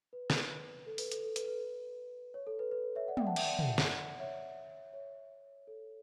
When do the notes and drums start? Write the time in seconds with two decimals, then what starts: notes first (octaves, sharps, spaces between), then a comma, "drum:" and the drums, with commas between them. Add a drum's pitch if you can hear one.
0.13 B4
0.30 drum: snare
0.86 A4
0.98 B4, drum: open hi-hat
1.12 A4, drum: hi-hat
1.24 A4
1.36 B4, drum: hi-hat
1.48 B4
2.34 C#5
2.47 A4
2.59 B4
2.71 B4
2.95 C#5 E5
3.08 D5 F#5
3.17 E5 G5, drum: tom
3.27 F#5 A5
3.36 E5 G5, drum: cymbal
3.45 D5 F#5
3.59 drum: tom
3.78 drum: snare
4.20 C#5 E5
4.93 C#5
5.67 A4